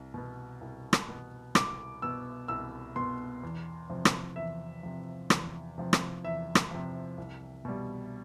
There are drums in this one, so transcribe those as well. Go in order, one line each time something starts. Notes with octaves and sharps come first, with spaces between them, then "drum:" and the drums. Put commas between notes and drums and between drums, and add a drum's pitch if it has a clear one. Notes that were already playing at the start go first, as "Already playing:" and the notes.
Already playing: C2
B2 B3
C2
drum: rim click
B2 B3
C2 D6, drum: rim click
B2 B3 E6
C2 E6
B2 B3 C6
E2
C3 F3
drum: rim click
E2 E5
C3 F3
E2, drum: rim click
C3 F3
drum: rim click
E2 E5
drum: rim click
C3 F3
C2
B2 G3